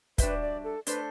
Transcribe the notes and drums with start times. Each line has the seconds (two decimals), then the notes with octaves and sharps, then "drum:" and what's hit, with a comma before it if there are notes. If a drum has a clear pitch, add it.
0.18 G3 D4 F#4 B4 C5 E5, drum: kick, hi-hat
0.42 D5
0.64 A4
0.87 A3 D4 A4 B4 C5, drum: hi-hat